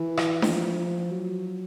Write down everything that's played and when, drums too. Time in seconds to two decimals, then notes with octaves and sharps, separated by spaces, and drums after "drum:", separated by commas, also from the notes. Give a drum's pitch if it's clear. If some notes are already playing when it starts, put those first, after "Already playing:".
Already playing: E3
0.17 drum: rim click
0.42 E3, drum: snare D4
0.47 F3
1.11 F#3